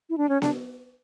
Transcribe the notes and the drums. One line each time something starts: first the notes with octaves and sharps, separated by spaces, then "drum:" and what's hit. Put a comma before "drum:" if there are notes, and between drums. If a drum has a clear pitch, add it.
E4
D4
C#4
D4, drum: snare B3